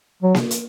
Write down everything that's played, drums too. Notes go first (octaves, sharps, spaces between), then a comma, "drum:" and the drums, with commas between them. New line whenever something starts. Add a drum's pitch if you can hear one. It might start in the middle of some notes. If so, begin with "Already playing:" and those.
F#3
drum: snare A#3
drum: hi-hat